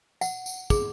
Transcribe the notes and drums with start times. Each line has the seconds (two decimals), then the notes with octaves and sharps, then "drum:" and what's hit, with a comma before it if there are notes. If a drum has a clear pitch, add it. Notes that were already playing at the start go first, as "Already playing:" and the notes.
0.21 F#5, drum: tambourine
0.46 drum: tambourine
0.70 G#4, drum: kick, tambourine